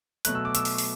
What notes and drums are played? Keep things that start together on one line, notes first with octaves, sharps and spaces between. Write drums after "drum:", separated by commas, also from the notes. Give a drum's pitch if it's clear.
B2 F#3 A3 F#6, drum: hi-hat
E6
D6
E6, drum: hi-hat
drum: open hi-hat
drum: open hi-hat